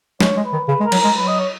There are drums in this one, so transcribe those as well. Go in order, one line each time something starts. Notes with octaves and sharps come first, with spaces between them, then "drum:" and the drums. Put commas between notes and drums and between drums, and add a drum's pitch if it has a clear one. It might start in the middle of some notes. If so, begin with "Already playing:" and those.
G#3 C#5, drum: snare
G#3
B4
D#3
C#3 B4
G#3
A#4
F#3, drum: cymbal
G#3 A#4
F#3 B4
D#5
C#5